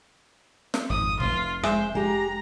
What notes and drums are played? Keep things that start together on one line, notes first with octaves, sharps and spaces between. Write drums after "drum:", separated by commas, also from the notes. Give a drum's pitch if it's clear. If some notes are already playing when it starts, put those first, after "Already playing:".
drum: snare
G#1 F2 D#6
F1 F4, drum: kick
G#3 C5 E5, drum: rim click
G#3 G4 A#5